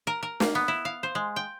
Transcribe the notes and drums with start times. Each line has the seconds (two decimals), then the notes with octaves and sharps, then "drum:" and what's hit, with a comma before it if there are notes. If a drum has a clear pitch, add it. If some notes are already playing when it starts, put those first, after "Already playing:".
0.07 A#4
0.23 A#4
0.40 A#3, drum: snare
0.55 B3
0.68 E4
0.85 F5
1.03 C5
1.15 G#3
1.36 G5